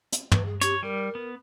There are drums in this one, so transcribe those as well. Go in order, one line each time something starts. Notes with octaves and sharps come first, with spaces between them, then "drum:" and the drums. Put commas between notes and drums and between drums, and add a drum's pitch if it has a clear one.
drum: hi-hat
B4, drum: tom
G#4
G4 C#5, drum: hi-hat
G3 A#4
B3